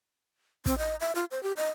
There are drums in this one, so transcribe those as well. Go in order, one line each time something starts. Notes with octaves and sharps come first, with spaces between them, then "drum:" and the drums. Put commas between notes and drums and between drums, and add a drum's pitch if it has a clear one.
C4, drum: kick, hi-hat
D#5
E5
F4
C5
G4
D#5